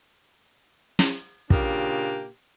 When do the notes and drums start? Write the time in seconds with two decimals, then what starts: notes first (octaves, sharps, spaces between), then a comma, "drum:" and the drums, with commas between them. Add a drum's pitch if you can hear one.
0.99 drum: snare
1.50 A#2 C#3 A#3 D4 G4, drum: kick